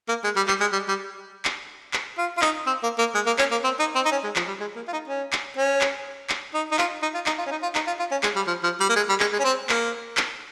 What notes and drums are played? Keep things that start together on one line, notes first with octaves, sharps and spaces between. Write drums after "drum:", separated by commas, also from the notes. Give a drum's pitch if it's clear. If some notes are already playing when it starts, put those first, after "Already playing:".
A#3
G#3
G3
G3, drum: clap
G#3
G3
G3
drum: clap
drum: clap
F4
F4
D#4, drum: clap
C4
A#3
A#3
G#3
A#3
C#4, drum: clap
A#3
C4
D#4
C4
D#4
C#4
G#3
F3, drum: clap
G3
G#3
A#3
F4
D#4
C#4
drum: clap
C#4
drum: clap
drum: clap
D#4
D#4
F4, drum: clap
D#4
F4
D#4, drum: clap
F4
C#4
D#4
F4
D#4, drum: clap
F4
F4
C#4
G#3, drum: clap
G3
F3
F3
G3
A#3
G#3
G3
G#3, drum: clap
G#3
C#4
C4
A#3, drum: clap
drum: clap